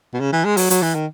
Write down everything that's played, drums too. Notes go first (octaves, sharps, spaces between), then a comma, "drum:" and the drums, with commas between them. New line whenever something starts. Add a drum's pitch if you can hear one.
B2
C#3
E3
G#3
F#3, drum: open hi-hat
F#3, drum: hi-hat
E3
D#3